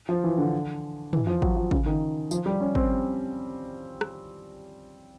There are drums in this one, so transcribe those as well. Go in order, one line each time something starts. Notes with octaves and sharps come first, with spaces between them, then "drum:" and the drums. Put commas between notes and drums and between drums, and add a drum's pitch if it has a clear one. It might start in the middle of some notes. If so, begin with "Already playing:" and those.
F3
E3
D3
E3, drum: tom
F3
F#3, drum: kick
F3
C#3, drum: kick
D#3
F3, drum: tambourine
G3
C#4
C4, drum: kick
drum: rim click